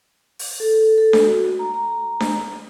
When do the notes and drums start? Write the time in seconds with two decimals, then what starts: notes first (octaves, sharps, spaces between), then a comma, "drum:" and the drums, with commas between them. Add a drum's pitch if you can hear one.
0.39 drum: open hi-hat
0.60 A4
0.98 A4
1.13 drum: snare D4
1.23 F#4
1.59 A#5
1.74 A#5
2.20 drum: snare D4